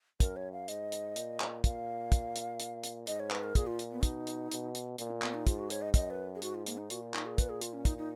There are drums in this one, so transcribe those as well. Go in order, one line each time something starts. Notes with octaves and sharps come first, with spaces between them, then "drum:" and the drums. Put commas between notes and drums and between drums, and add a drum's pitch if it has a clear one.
F#2 A#4, drum: kick, hi-hat
C#5
F5
G#2 D#5, drum: hi-hat
drum: hi-hat
A#2, drum: hi-hat
drum: clap
A#2 F5, drum: kick, hi-hat
drum: kick, hi-hat
drum: hi-hat
drum: hi-hat
drum: hi-hat
G#2 D#5, drum: hi-hat
C#5
B4, drum: clap
A#4
A#2 G#4, drum: kick, hi-hat
F4
drum: hi-hat
B3
B2 D#4, drum: kick, hi-hat
drum: hi-hat
B2, drum: hi-hat
drum: hi-hat
A#2 F4, drum: hi-hat
A#3
B3, drum: clap
D#4
G#2 F4, drum: kick, hi-hat
F#4
C#5, drum: hi-hat
D#5
F#2 D#5, drum: kick, hi-hat
B4
G#4
G#2 F#4, drum: hi-hat
F4
A#3, drum: hi-hat
D#4
A#2 F#4, drum: hi-hat
F4
D#4, drum: clap
G#4
B4, drum: kick, hi-hat
G#4
F4, drum: hi-hat
C#4
D#4, drum: kick, hi-hat
D#4